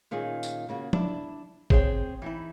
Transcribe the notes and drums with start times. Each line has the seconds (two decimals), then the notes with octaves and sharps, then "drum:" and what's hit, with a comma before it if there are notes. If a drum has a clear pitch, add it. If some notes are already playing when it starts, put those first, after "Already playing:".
0.11 A#2 D#3 C#4 F4 G#4
0.43 drum: tambourine
0.69 C#3 A#3 F#4
0.93 D4 E4, drum: tom
1.70 C4 G#4 C5 C#5 F5 G5, drum: kick
2.22 E3 D#4 E4